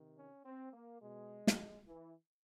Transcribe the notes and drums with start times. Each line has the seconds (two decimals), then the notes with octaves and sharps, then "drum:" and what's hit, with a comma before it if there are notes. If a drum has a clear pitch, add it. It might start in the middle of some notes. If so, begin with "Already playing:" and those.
Already playing: C3 D#3
0.18 C#4
0.45 C4
0.73 A#3
1.02 B2 G#3
1.47 drum: snare
1.87 E3